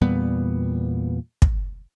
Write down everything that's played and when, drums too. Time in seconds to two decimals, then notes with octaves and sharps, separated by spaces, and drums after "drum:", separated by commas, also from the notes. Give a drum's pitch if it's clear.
0.01 E2 A#2 G3 B3
1.42 drum: kick